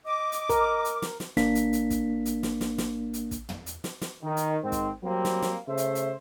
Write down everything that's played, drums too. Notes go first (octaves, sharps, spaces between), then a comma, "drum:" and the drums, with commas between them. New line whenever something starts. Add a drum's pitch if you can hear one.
D#5 D6
drum: hi-hat
A#4, drum: kick, hi-hat
drum: hi-hat
drum: snare
drum: snare
G#1 A#3 D4 B6, drum: snare
drum: hi-hat
drum: hi-hat
drum: kick, hi-hat
drum: hi-hat
drum: snare
drum: snare
drum: snare
drum: hi-hat
drum: kick, hi-hat
drum: tom
drum: hi-hat
drum: snare
drum: snare
D#3
drum: hi-hat
G#2 D#3 C4
drum: kick, hi-hat
F#3 G3 A#3 C4
drum: snare
drum: snare
C#3 A3 C5 E5
drum: hi-hat
drum: hi-hat